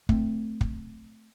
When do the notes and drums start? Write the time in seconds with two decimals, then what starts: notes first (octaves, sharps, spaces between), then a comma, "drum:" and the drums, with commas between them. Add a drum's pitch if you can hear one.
0.09 A3 C4, drum: kick
0.61 drum: kick